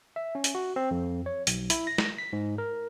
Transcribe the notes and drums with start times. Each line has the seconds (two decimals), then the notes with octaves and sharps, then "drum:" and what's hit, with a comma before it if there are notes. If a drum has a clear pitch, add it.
0.16 E5
0.35 C#4
0.44 drum: hi-hat
0.55 F#4
0.76 C4
0.91 F2
1.26 C#5
1.47 B1, drum: hi-hat
1.70 E4, drum: hi-hat
1.87 A#6
1.98 drum: snare
2.18 B6
2.33 G#2
2.58 A#4